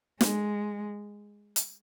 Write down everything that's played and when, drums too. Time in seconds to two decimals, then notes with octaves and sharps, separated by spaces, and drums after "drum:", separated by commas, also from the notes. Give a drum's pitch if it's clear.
0.21 G#3, drum: snare
1.56 drum: hi-hat